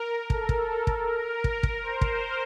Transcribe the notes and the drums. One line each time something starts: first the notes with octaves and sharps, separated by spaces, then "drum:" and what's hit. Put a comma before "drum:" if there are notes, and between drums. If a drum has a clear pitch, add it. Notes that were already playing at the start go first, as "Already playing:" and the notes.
Already playing: A#4
A4, drum: kick
drum: kick
drum: kick
A#4
drum: kick
drum: kick
C5
drum: kick